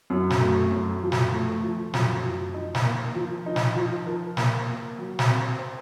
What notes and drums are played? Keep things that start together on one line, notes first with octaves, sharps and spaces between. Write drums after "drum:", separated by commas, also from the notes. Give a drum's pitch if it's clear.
F#2
drum: snare
A3
F#2
F3
drum: snare
A3
F3
F#2, drum: snare
F3
D#4
drum: snare
A#3
F3
D#4
drum: snare
F3
A#4
A#3, drum: snare
A#3
F#3
drum: snare
C4
C5